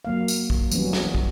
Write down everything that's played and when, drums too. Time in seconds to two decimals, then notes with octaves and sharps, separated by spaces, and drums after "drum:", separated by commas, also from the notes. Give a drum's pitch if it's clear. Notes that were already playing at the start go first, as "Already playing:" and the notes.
0.05 F#3 A#3 F5
0.28 drum: tambourine
0.50 drum: kick
0.71 E3 F#3 G3 B3 C#4, drum: tambourine
0.93 drum: snare
1.15 drum: kick